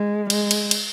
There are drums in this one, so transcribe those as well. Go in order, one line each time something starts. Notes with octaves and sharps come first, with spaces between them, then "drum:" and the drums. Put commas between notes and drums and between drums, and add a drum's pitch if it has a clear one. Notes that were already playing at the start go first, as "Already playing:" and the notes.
Already playing: G#3
G#3, drum: cymbal
drum: cymbal
drum: cymbal